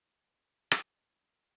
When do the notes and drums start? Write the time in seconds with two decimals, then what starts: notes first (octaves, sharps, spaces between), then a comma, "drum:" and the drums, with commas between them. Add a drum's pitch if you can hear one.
0.24 A3 C4 F4 F#4 D#5
0.72 drum: rim click